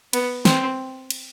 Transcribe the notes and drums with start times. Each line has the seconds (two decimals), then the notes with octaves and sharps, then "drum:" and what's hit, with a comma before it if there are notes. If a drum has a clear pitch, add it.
0.13 B3, drum: cymbal
0.45 C4, drum: snare
1.10 drum: cymbal